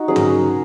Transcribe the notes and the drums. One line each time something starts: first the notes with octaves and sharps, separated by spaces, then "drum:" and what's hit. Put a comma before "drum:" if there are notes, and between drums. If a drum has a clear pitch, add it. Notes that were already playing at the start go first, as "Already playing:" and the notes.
Already playing: D#4 F#4
F#3 C#4 G#4
A#4, drum: tom